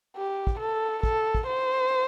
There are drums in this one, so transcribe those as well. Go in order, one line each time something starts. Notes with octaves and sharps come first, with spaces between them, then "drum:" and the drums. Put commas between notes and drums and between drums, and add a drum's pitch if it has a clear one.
G4
drum: kick
A4
A4, drum: kick
drum: kick
C5